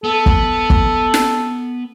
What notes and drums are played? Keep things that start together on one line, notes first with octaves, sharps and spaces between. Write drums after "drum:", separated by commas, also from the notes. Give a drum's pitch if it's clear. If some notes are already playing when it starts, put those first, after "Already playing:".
B3 A4
drum: kick
drum: kick
drum: snare